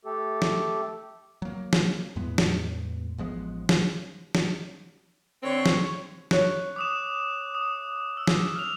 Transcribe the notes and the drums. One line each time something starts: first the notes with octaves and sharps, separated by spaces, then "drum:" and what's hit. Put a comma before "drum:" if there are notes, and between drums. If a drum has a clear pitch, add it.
A3 G4 A4
drum: snare
F#3 A#3
drum: snare
E2 A2 G#3 B3
drum: snare
A1 F3 G#3 B3
drum: snare
drum: snare
D3 C4 C#5
drum: snare
C#5 F#6, drum: snare
D6 D#6 E7
D#6
E6
drum: snare
F6 F7